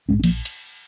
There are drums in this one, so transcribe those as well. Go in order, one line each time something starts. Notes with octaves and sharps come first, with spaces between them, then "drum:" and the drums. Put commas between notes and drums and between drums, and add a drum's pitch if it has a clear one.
A#1 G#2 G#3 C#4
C#4
F3 A#3, drum: cymbal
drum: hi-hat